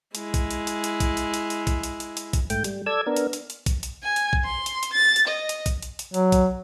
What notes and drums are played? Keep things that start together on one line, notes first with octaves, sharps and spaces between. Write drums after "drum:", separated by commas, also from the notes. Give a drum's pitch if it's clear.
G#3 E4, drum: hi-hat
drum: kick A#1, hi-hat
drum: hi-hat
drum: hi-hat
drum: hi-hat
drum: kick A#1, hi-hat
drum: hi-hat
drum: hi-hat
drum: hi-hat
drum: kick A#1, hi-hat
drum: hi-hat
drum: hi-hat
drum: hi-hat
drum: kick A#1, hi-hat
G#2 A3 G5, drum: hi-hat
G3, drum: hi-hat
A4 D5 E6 G#6
B3 D4 A#4
drum: hi-hat
drum: hi-hat
drum: hi-hat
drum: kick A#1, hi-hat
drum: hi-hat
G#5
drum: hi-hat
drum: kick A#1
C6
drum: hi-hat
drum: hi-hat
A6
drum: hi-hat
D#5
drum: hi-hat
drum: kick A#1, hi-hat
drum: hi-hat
drum: hi-hat
F#3, drum: hi-hat
drum: kick A#1, hi-hat